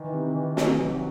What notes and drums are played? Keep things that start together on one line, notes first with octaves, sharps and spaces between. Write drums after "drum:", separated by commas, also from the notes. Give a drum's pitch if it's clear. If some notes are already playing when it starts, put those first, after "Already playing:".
Already playing: D#3 E3
C3
D#3
C3 F#3, drum: snare
E3
C3
F#3